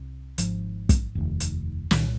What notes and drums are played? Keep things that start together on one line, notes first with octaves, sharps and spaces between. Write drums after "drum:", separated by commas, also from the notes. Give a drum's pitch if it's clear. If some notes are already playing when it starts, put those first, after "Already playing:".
Already playing: C2 C3
G#1 G#2 F3, drum: hi-hat
drum: kick, hi-hat
F1 D#2
drum: hi-hat
C2 A#2 D#3, drum: snare